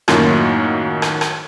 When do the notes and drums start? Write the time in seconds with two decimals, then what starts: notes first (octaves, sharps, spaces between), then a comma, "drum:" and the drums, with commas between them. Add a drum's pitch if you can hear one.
0.08 F#2 A2 D#3 A#3 F4 F#4, drum: rim click
1.02 drum: rim click
1.21 drum: rim click